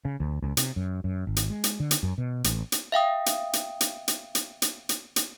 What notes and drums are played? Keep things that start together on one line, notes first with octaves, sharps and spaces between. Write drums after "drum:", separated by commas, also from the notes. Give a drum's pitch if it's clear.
C#3
D2
C#2
C3, drum: hi-hat
F#2
F#2
G#1
drum: hi-hat
G#3
drum: hi-hat
D3
drum: hi-hat
F#2
B2
A1, drum: hi-hat
drum: hi-hat
E5 F5 G5 D#6
drum: hi-hat
drum: hi-hat
drum: hi-hat
drum: hi-hat
drum: hi-hat
drum: hi-hat
drum: hi-hat
drum: hi-hat